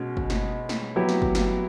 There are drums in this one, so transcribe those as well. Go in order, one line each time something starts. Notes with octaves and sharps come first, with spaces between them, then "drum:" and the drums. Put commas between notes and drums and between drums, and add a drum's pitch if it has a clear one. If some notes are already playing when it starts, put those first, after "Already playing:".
Already playing: B2 G#3 C#4
drum: kick
drum: snare
drum: snare
F#3 B3 E4 G4
drum: snare
drum: kick
drum: snare